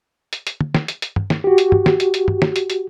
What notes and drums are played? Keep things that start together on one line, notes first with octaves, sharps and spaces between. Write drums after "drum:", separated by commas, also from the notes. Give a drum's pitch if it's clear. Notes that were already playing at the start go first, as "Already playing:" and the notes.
drum: hi-hat
drum: hi-hat
drum: tom
drum: snare
drum: hi-hat
drum: hi-hat
drum: tom
drum: snare
F#4 G4
drum: hi-hat
drum: tom
drum: snare
drum: hi-hat
drum: hi-hat
drum: tom
drum: snare
drum: hi-hat
drum: hi-hat